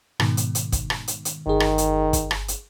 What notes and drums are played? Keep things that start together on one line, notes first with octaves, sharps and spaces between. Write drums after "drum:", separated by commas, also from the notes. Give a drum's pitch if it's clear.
G#2 B2 D#3, drum: rim click
drum: hi-hat
drum: hi-hat
drum: kick, hi-hat
drum: rim click
drum: hi-hat
drum: hi-hat
G1 D#3 G#4
drum: rim click
drum: hi-hat
drum: kick, hi-hat
drum: rim click
drum: hi-hat